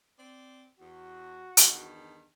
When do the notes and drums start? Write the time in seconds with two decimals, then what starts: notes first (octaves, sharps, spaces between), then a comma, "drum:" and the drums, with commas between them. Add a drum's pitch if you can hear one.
0.18 C4 D5
0.79 E2 F#4
1.57 E2 G2 D#3, drum: hi-hat